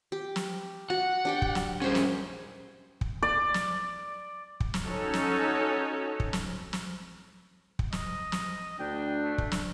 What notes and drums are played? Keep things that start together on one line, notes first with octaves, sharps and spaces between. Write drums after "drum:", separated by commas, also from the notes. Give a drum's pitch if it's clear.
G4
drum: snare
F#4 F#5
D4 G4 G5
drum: kick
drum: snare
G3 C#4 G#4 C5 E5
drum: snare
drum: kick
D5
drum: snare
drum: kick
drum: snare
C#4 D#4 F#4 A4 C#5
drum: snare
drum: kick
drum: snare
drum: snare
drum: kick
D#5, drum: snare
drum: snare
D2 D4 G5
A3
drum: kick
drum: snare